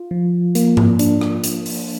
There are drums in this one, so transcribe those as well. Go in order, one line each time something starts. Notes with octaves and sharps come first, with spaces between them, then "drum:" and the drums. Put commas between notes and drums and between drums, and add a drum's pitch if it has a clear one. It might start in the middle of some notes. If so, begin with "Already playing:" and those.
Already playing: F4
F3
A#3, drum: hi-hat
drum: tom G#2
D4, drum: hi-hat
drum: rim click
drum: hi-hat
drum: open hi-hat